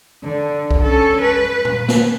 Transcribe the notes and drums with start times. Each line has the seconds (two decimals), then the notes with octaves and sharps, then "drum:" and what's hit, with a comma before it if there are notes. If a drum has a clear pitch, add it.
0.23 D3
0.71 drum: kick B1
0.82 C#4 A4
1.22 B4
1.65 drum: tom A#2
1.89 drum: snare